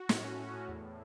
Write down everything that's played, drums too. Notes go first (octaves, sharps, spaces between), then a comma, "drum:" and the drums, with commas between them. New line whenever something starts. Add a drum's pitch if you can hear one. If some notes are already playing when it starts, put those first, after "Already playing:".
Already playing: F#4
A2, drum: snare
C#4
A2
A2
E2